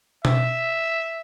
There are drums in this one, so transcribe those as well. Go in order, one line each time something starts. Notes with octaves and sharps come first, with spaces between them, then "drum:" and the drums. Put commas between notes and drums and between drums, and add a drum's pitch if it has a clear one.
E5, drum: tom B2